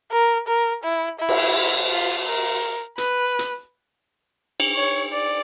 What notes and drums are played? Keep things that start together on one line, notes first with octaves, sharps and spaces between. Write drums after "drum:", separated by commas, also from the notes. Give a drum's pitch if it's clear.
A#4
A#4
E4
E4
drum: cymbal
F4
A#4
B4, drum: hi-hat
drum: hi-hat
drum: cymbal
C#5
D5